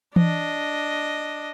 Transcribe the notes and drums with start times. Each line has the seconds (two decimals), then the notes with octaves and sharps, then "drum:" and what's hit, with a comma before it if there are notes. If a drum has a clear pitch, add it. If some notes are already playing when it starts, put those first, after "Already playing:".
0.16 D4 D#5, drum: tom E3